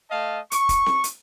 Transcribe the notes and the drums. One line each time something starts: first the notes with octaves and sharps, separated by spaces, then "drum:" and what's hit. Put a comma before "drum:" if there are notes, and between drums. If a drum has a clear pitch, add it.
A3 D#5 F5 A5
C#6, drum: hi-hat
drum: kick, hi-hat
drum: snare C4
drum: hi-hat